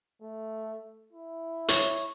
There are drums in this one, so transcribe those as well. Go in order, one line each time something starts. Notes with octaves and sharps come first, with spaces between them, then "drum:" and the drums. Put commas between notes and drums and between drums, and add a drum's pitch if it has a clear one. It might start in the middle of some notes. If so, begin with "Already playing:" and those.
A3
E4
C#5, drum: hi-hat